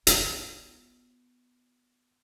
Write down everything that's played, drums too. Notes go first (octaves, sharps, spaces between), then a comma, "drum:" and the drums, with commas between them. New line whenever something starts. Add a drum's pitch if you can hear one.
B3 F4, drum: hi-hat